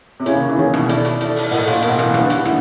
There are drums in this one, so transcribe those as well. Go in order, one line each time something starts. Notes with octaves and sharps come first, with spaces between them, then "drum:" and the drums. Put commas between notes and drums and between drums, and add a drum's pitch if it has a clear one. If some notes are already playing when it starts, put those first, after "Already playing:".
C3
C#3 E4 G#4 C#5, drum: hi-hat
D#3
E3
D#3 E4 G#4 C#5
B2, drum: rim click
E4 A4 D5, drum: hi-hat
drum: hi-hat
E4 A4 D5, drum: hi-hat
drum: open hi-hat
A2 A#4 D#5 F#5, drum: open hi-hat
A#2, drum: hi-hat
B2 A#4 D#5 F#5, drum: hi-hat
E3, drum: rim click
D3 E4 G4 B4, drum: rim click
drum: hi-hat
D3 E4, drum: rim click